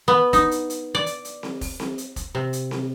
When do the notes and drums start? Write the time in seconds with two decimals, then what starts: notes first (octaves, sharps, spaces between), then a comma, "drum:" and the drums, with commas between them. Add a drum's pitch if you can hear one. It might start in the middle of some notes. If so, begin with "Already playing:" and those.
0.08 B3
0.33 D#4, drum: kick, hi-hat
0.51 drum: hi-hat
0.70 drum: hi-hat
0.95 D5
1.06 drum: hi-hat
1.25 drum: hi-hat
1.43 drum: snare C4
1.61 drum: kick, open hi-hat
1.80 drum: snare C4
1.98 drum: hi-hat
2.16 drum: kick, hi-hat
2.35 C3
2.53 drum: hi-hat
2.71 drum: snare C4